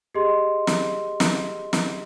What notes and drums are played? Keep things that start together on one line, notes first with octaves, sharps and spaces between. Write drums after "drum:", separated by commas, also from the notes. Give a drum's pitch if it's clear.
G4 G#4 D#5 C6
drum: snare
drum: snare
drum: snare